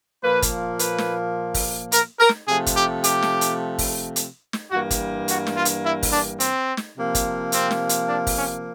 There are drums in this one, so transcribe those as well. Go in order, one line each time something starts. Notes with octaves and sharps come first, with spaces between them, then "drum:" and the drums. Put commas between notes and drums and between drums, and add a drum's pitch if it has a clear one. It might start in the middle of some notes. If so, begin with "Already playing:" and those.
A#2 F3 A#3 B4
drum: kick, hi-hat
B4, drum: hi-hat
drum: snare
drum: kick, open hi-hat
A#4, drum: hi-hat
A#4
drum: snare
C3 F3 A3 G#4
drum: kick, hi-hat
G4
G4, drum: hi-hat
drum: snare
drum: hi-hat
drum: kick, open hi-hat
drum: hi-hat
drum: snare
G2 E3 G3 A#3 F#4
drum: kick, hi-hat
F#4, drum: hi-hat
drum: snare
F4
drum: hi-hat
E4
drum: kick, open hi-hat
D4
C4, drum: hi-hat
drum: snare
C3 F3 A#3
drum: kick, hi-hat
C4, drum: hi-hat
drum: snare
drum: hi-hat
D4
drum: kick, open hi-hat
C#4